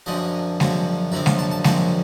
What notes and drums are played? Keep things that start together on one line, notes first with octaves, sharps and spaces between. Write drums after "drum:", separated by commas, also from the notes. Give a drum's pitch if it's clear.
F#2 D3 F3 G#3 C4 D#5
F#2 D3 F3 G#3 C4, drum: snare G#3
F#2 D3 F3 G#3 C4 E5
F5, drum: snare G#3
A5
A5
F#2 D3 F3 G#3 C4 A5, drum: snare G#3